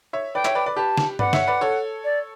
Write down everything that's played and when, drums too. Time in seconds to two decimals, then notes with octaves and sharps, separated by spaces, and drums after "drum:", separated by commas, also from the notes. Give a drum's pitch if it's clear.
0.13 C#5 E5
0.35 B4 D5 G5
0.45 C#5 E5, drum: clap
0.55 B4 D5
0.66 B4 D5
0.76 G4 B4 A5
0.98 drum: snare
1.19 B4 D5 F#5, drum: tom G2
1.33 C#5 E5, drum: snare
1.47 B4 D5
1.61 A4 C#5
2.04 D5